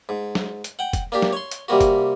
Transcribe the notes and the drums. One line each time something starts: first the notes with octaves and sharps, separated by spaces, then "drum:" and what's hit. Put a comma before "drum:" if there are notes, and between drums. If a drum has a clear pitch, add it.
G#2
drum: snare
drum: hi-hat
F#5 G5
drum: kick F1, hi-hat
A#3 D4 G4
drum: snare
C#5 C6
drum: hi-hat
C3 G3 A#3 F#4
drum: kick F1, hi-hat